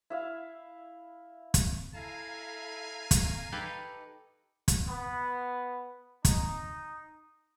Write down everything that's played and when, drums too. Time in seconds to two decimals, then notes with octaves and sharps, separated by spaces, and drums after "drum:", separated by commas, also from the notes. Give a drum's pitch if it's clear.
0.10 E4 E5 F5
1.54 drum: kick, hi-hat
1.94 E4 A4 F5 G#5 A#5
3.11 drum: kick, hi-hat
3.52 D#4 G4 A4 B4
4.68 drum: kick, hi-hat
4.87 B3
6.25 D#4, drum: kick, hi-hat